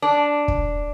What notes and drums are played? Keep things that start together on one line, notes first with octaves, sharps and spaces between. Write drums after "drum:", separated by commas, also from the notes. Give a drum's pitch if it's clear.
D4
drum: kick